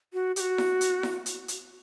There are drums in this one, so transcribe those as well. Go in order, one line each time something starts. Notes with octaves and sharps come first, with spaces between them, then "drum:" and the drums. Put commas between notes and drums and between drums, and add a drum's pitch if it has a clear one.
F#4
G4, drum: hi-hat
F#4
drum: snare E4
drum: hi-hat
drum: snare E4
drum: hi-hat
drum: hi-hat